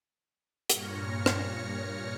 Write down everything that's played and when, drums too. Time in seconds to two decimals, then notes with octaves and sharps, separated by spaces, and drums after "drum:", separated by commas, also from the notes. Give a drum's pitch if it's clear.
0.70 G2 A#2 C#5 F6 A#6 C#7, drum: hi-hat
1.26 drum: rim click